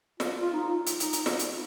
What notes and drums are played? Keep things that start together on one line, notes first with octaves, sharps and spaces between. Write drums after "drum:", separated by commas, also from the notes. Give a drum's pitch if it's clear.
F4, drum: snare
F4
D#4
F4
drum: hi-hat
D#4, drum: hi-hat
drum: hi-hat
drum: snare
drum: hi-hat